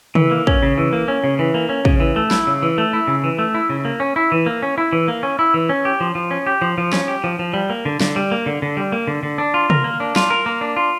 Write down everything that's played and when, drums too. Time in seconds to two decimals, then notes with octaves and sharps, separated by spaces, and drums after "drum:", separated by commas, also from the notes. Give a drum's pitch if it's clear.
0.15 E3, drum: tom
0.31 A#3
0.47 C#4, drum: kick
0.63 C#3
0.78 E3
0.93 A#3
1.08 C#4
1.24 C#3
1.39 E3
1.54 A#3
1.69 C#4
1.85 C#3, drum: kick
2.00 E3
2.16 A3
2.31 E4, drum: snare
2.47 C#3
2.62 E3
2.78 A3
2.93 E4
3.08 C#3
3.24 E3
3.39 A3
3.55 E4
3.69 C#3
3.85 A#3
4.00 C#4
4.16 E4
4.32 E3
4.46 A#3
4.62 C#4
4.78 E4
4.93 E3
5.08 A#3
5.23 C#4
5.39 E4
5.54 E3
5.69 C#4
5.85 G4
6.00 F3
6.15 F3
6.31 C#4
6.47 G4
6.62 F3
6.78 F3
6.93 C#4, drum: snare
7.08 G4
7.24 F3
7.39 F3
7.53 G3
7.70 A#3
7.85 D3
8.01 D3, drum: snare
8.16 G3
8.32 A#3
8.46 D3
8.62 D3
8.77 G3
8.92 A#3
9.07 D3
9.23 D3
9.38 D4
9.54 F4
9.70 A#4, drum: tom
9.84 A#3
10.00 D4
10.16 F4, drum: snare
10.30 A#4
10.46 A#3
10.61 D4
10.77 F4